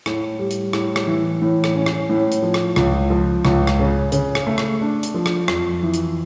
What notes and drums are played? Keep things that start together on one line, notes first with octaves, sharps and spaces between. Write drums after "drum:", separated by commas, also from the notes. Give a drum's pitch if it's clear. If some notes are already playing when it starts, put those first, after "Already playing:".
A2, drum: rim click
G3
drum: hi-hat
A2, drum: rim click
drum: rim click
E3
A2
drum: rim click
C#4
drum: rim click
A2
drum: hi-hat
F3
drum: rim click
C#2, drum: rim click
F3
C#2, drum: rim click
drum: rim click
C#3
C#3, drum: hi-hat
drum: rim click
A3
drum: rim click
D4
drum: hi-hat
F3
drum: rim click
F2, drum: rim click
E3
drum: hi-hat